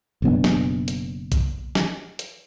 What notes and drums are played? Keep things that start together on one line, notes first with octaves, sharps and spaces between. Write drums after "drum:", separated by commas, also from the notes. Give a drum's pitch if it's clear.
F#1 B2 B3 D4
drum: snare
drum: hi-hat
drum: kick A#1, hi-hat
drum: snare
drum: hi-hat